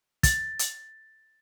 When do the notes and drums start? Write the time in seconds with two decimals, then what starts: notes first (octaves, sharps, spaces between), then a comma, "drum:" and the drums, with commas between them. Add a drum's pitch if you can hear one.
0.23 A6, drum: kick, hi-hat
0.59 drum: hi-hat